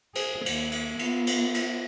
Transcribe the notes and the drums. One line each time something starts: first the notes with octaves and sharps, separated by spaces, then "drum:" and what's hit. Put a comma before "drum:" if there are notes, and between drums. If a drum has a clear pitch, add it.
G#4, drum: cymbal
D#2, drum: cymbal
drum: cymbal
B3 F4, drum: cymbal
drum: cymbal
drum: cymbal